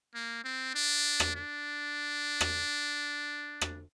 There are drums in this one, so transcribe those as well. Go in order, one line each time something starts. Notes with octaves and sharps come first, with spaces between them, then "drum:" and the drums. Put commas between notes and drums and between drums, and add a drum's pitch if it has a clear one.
A#3
C4
D4
drum: rim click
D4
drum: rim click
drum: rim click